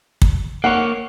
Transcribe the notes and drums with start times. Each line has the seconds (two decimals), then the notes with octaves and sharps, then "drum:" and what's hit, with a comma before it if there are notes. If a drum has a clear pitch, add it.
0.22 drum: kick
0.64 A#3 C#5 F#5